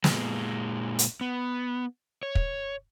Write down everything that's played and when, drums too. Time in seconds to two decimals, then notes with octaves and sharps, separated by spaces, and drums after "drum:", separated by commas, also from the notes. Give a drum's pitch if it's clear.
0.04 A#2 G#3, drum: snare
0.99 drum: hi-hat
1.21 B3
2.23 C#5
2.35 drum: kick